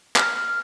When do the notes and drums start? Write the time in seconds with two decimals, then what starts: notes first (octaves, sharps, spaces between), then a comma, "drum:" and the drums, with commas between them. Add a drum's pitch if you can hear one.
0.16 F6, drum: clap